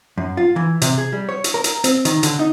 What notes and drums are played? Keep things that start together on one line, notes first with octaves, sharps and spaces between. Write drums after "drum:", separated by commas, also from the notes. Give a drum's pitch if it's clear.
F#2
F4
E3
C3, drum: hi-hat
G#4
G3
C#5
drum: hi-hat
A#4
drum: hi-hat
C4, drum: hi-hat
D#3, drum: hi-hat
D3, drum: hi-hat
D#4